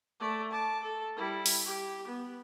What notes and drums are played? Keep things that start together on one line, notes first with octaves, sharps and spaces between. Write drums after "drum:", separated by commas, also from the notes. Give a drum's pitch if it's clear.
A3 D5
A5 D6
A4
G3 E4
drum: open hi-hat
G4
B3